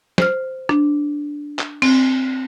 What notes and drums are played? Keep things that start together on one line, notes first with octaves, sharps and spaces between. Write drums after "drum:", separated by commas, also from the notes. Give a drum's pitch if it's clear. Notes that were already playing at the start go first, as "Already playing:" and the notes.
C5 F6, drum: snare
D4, drum: rim click
drum: clap
C4, drum: cymbal